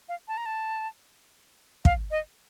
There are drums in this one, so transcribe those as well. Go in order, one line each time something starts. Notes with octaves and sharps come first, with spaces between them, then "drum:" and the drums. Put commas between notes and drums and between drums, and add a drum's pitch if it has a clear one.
F5
A5
A#5
A5
F5, drum: kick
D#5